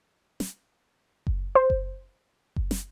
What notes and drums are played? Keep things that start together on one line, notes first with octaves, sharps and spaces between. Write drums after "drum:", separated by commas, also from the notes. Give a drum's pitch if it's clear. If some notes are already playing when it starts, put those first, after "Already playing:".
drum: snare
drum: kick F#1
C5
drum: kick F#1
drum: kick F#1
drum: snare